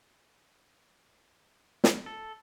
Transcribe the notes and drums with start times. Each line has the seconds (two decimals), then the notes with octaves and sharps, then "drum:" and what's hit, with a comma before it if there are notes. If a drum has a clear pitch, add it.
1.84 drum: snare
2.06 A4